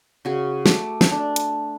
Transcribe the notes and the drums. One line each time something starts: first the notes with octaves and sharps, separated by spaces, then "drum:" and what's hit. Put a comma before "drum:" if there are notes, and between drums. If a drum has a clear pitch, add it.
C#3 F#4 G#4
A3 D6, drum: snare
drum: snare
D4
drum: hi-hat